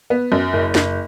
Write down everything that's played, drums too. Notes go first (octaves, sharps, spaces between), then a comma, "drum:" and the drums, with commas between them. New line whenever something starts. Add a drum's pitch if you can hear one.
B3
F#2
F#1
F#1, drum: snare